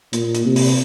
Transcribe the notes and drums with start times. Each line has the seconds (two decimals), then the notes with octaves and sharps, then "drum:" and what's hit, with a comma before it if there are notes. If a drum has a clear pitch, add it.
0.13 A#2, drum: hi-hat
0.35 drum: hi-hat
0.46 C3
0.56 drum: open hi-hat